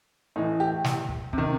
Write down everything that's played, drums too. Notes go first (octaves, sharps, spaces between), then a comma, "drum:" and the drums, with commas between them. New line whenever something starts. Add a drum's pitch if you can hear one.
A2 E3 D#4
G4
drum: snare
drum: kick
C3 D#3, drum: kick